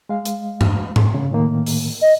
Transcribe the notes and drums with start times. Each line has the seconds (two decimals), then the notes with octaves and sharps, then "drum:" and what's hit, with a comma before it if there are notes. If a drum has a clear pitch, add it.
0.09 G#3 F5
0.25 drum: hi-hat
0.61 drum: tom G2
0.96 drum: tom G#2
1.14 C#3
1.31 A2 D#3 A#3
1.66 drum: open hi-hat
2.02 D#5